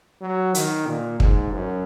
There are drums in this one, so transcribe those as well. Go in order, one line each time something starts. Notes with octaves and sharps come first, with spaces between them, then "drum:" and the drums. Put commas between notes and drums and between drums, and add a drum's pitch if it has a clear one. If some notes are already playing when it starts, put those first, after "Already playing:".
F#3
D#3, drum: hi-hat
A#2
G#2, drum: kick
F#2